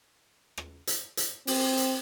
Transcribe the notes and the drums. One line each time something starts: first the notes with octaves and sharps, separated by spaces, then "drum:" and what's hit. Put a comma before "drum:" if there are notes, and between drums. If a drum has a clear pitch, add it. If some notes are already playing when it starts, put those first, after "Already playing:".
drum: rim click
drum: hi-hat
drum: hi-hat
C4, drum: open hi-hat
drum: hi-hat